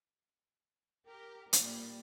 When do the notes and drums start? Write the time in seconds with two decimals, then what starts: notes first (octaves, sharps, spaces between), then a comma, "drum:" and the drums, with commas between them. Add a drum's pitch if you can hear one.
1.07 G4 A#4
1.53 A#2 G3, drum: hi-hat